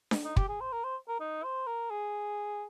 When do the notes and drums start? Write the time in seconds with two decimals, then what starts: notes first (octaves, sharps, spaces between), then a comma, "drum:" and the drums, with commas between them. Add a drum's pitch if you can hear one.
0.11 drum: snare D4
0.25 D#4
0.36 G4, drum: kick
0.49 G#4
0.61 C5
0.72 A#4
0.84 C5
1.08 A#4
1.20 D#4
1.44 C5
1.67 A#4
1.91 G#4